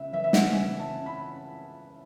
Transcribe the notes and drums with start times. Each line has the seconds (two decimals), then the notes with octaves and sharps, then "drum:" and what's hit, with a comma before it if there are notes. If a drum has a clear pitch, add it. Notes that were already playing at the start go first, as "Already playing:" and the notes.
Already playing: C#2 E5
0.13 E3 E5
0.24 E5
0.33 F#5, drum: snare
0.53 C#3 G#5
0.80 A5
0.93 C#3
1.06 B5